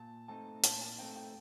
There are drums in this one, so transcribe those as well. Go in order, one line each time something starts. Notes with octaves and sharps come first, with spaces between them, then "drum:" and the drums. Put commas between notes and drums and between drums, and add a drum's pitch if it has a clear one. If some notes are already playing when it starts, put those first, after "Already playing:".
Already playing: A#2 A5
A3 C4 D#4 A5
A#2 A5, drum: hi-hat
A5
A3 C4 D#4 G5
G5